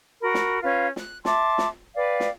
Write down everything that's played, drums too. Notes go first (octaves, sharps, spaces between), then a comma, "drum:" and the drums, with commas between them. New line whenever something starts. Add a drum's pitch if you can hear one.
F#4 A#4 B5
drum: snare
C#4 F4 B4 F5
F#6, drum: snare
E5 A5 C6 D6, drum: snare
drum: snare
B4 D5 F5 G5
drum: snare